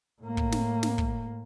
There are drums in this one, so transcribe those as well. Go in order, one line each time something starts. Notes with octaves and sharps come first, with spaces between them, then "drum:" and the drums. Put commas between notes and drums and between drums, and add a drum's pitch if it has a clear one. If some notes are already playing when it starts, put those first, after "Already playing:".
A2 A#3
drum: kick
drum: snare
drum: snare
drum: kick